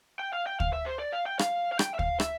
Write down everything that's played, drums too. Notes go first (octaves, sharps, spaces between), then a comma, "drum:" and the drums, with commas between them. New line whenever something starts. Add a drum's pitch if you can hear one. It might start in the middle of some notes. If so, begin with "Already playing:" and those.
G5
F5
G5
F5, drum: kick
E5
C5
D5
F5
G5
F5, drum: rim click
F5
G5, drum: rim click
E5
F5, drum: kick
E5, drum: rim click